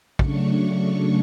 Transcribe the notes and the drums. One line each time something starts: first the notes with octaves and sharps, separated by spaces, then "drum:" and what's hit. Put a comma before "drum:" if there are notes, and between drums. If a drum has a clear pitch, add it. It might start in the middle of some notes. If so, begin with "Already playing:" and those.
C#3 F#3 A3 D4 C#6, drum: kick